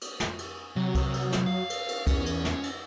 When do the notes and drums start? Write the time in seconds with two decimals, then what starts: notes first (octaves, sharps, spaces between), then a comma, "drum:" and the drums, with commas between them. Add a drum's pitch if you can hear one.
0.01 drum: cymbal
0.20 drum: snare
0.39 drum: cymbal
0.76 C3 F#3
0.95 drum: kick C2, cymbal
1.14 drum: cymbal
1.32 drum: snare
1.46 F5
1.70 drum: cymbal
1.88 drum: cymbal
2.07 E2 C#4, drum: kick C2, cymbal
2.26 drum: cymbal
2.45 drum: snare
2.63 drum: cymbal